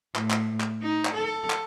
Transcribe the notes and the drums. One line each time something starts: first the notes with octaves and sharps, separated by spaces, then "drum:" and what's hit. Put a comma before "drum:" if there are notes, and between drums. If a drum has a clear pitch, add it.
A2, drum: clap
drum: clap
drum: clap
D#4
drum: clap
A4
drum: clap